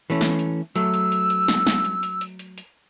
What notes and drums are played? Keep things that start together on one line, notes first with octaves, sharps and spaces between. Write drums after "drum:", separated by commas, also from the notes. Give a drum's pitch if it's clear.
E3 A3 C#4
drum: snare
drum: hi-hat
F#3 A3 E6, drum: hi-hat
drum: hi-hat
drum: hi-hat
drum: hi-hat
drum: snare
drum: snare
drum: hi-hat
drum: hi-hat
drum: hi-hat
drum: hi-hat
drum: hi-hat